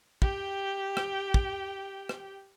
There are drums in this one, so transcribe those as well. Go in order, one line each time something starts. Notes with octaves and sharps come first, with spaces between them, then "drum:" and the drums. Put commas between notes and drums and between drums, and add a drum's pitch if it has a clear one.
G4 G5, drum: kick
drum: rim click
drum: kick
drum: rim click